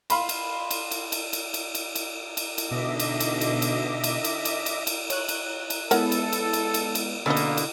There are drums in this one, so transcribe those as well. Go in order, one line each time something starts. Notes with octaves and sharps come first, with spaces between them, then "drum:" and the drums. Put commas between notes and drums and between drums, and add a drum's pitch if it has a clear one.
F5 B5 C6, drum: cymbal
drum: cymbal
drum: cymbal
drum: cymbal
drum: cymbal
drum: cymbal
drum: cymbal
drum: cymbal
drum: cymbal
drum: cymbal
drum: cymbal
B2 D3 D#4 D#5 E5 D6
drum: cymbal
drum: cymbal
drum: cymbal
drum: cymbal
drum: cymbal
drum: cymbal
drum: cymbal
drum: cymbal
drum: cymbal
C#5 F#6, drum: cymbal
drum: cymbal
drum: cymbal
G#3 B3 E4 A4 A#4 C#5 F#5, drum: cymbal
drum: cymbal
drum: cymbal
drum: cymbal
drum: cymbal
drum: cymbal
B2 D3 A#3 C#4 D#5
drum: cymbal
drum: cymbal